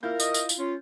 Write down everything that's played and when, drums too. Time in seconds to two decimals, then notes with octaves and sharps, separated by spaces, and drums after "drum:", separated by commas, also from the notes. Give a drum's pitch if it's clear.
0.03 A#3 E4 F4 A#4 G6
0.20 D#5, drum: tambourine
0.34 drum: tambourine
0.49 drum: tambourine
0.59 C#4 F4